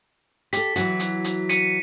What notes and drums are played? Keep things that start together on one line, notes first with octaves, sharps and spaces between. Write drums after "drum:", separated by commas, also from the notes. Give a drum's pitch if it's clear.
G4 A4 B6, drum: hi-hat
E3 F#3 F#4, drum: hi-hat
drum: hi-hat
drum: hi-hat
B6 C#7 D#7, drum: hi-hat